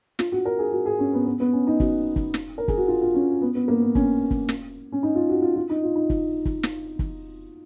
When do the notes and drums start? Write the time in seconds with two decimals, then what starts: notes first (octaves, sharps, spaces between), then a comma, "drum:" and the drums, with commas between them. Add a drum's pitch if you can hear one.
0.19 F4, drum: snare
0.32 F#4
0.45 A#4
0.59 G#4
0.72 F#4
0.86 G#4
0.99 C#4
1.14 B3
1.26 B3
1.40 B3
1.53 C#4
1.67 D#4
1.80 F#4, drum: kick
2.16 drum: kick
2.34 drum: snare
2.58 A#4
2.68 G#4, drum: kick
2.77 F#4
2.88 F4
3.01 F4
3.15 C#4
3.41 B3
3.55 B3
3.68 A#3
3.81 B3
3.95 C#4, drum: kick
4.31 drum: kick
4.49 drum: snare
4.92 C#4
5.03 D#4
5.15 F4
5.29 F#4
5.42 F4
5.56 F4
5.70 D#4
5.83 F4
5.96 D#4
6.10 drum: kick
6.45 drum: kick
6.63 drum: snare
6.99 drum: kick